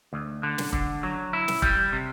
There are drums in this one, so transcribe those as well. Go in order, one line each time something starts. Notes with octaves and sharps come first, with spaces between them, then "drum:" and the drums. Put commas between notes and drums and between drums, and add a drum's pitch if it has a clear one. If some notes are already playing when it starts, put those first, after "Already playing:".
D2
D3
drum: snare
D3, drum: kick
F#3
E4
drum: snare
G3, drum: kick
C3